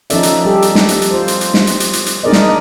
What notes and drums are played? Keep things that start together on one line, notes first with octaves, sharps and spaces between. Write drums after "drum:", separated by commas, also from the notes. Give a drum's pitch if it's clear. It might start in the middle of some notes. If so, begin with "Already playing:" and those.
F3 C#4 D#4 A4 D5 E5, drum: hi-hat
drum: hi-hat
G3 G4 A4
drum: hi-hat
drum: snare
drum: hi-hat
drum: hi-hat
F4 C5
drum: hi-hat
drum: hi-hat
drum: snare
drum: hi-hat
drum: hi-hat
drum: hi-hat
drum: hi-hat
D4 D#4 G#4 A#4 D5 D#5
drum: snare